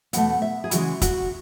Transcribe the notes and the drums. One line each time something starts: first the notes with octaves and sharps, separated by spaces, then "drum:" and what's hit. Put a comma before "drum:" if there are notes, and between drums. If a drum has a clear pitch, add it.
E2 B2 A3 F#5, drum: hi-hat
E5
G#4
C#3 E3 G#3 F#4, drum: hi-hat
F#4, drum: kick, hi-hat